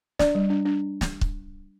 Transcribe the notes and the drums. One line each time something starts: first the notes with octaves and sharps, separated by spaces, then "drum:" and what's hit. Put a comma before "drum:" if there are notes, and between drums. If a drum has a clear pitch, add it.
D4 D5, drum: snare
G3
D4
D4
drum: snare
drum: kick C#1